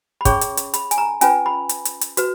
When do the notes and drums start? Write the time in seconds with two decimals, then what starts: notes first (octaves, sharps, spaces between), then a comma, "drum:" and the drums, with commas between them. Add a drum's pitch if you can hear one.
0.21 B5
0.25 C#4 G#4 C#5 C#6, drum: kick, hi-hat
0.41 drum: hi-hat
0.57 drum: hi-hat
0.74 B5, drum: hi-hat
0.91 G#5, drum: hi-hat
0.98 A#5
1.21 C#4 F4 B4 G#5, drum: hi-hat
1.46 B5
1.69 drum: hi-hat
1.85 drum: hi-hat
2.01 drum: hi-hat
2.17 F#4 B4, drum: hi-hat